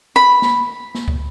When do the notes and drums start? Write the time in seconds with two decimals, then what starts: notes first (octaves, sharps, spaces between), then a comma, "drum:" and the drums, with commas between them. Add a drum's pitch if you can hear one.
0.16 B5
0.42 drum: snare A#3
0.95 drum: snare A#3
1.08 drum: kick